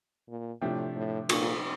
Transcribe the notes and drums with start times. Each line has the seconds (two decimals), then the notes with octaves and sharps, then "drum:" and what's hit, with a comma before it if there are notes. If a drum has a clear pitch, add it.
0.29 A#2
0.61 A2 C3 F3 A3 D4 G4
0.96 A2
1.29 A#2, drum: cymbal